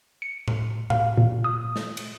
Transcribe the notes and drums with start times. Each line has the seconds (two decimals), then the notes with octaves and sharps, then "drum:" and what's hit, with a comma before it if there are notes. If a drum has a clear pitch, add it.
0.22 C#7
0.48 drum: tom A2
0.90 F5, drum: tom A2
1.17 A#2
1.44 D#6
1.76 drum: snare
1.97 drum: cymbal